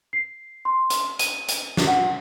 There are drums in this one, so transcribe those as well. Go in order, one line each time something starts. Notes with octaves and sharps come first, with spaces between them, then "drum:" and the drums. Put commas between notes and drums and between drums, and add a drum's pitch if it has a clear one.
C7
C6
drum: hi-hat
D#7, drum: hi-hat
drum: hi-hat
drum: snare
F#5